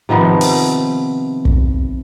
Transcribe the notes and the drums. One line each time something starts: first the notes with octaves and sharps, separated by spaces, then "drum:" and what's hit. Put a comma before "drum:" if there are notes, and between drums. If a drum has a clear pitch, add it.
C3 D#3 F3 B3
drum: open hi-hat
drum: kick